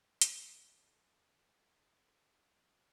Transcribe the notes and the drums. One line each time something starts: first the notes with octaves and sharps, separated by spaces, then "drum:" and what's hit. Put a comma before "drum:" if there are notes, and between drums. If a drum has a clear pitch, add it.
C#4 A4, drum: hi-hat